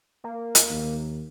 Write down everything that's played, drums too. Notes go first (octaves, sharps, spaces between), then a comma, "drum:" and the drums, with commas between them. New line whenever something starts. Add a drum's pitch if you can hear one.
A#3
drum: hi-hat
D#2